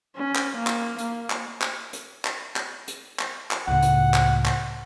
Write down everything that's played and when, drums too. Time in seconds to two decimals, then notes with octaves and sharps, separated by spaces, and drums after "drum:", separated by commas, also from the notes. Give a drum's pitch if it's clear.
0.16 C#4
0.35 drum: clap
0.57 A#3
0.67 drum: clap
0.98 A#3, drum: hi-hat
1.30 drum: clap
1.62 drum: clap
1.93 drum: hi-hat
2.25 drum: clap
2.56 drum: clap
2.88 drum: hi-hat
3.19 drum: clap
3.51 drum: clap
3.67 C#2 A2 F#5
3.82 drum: hi-hat
4.14 drum: clap
4.46 drum: clap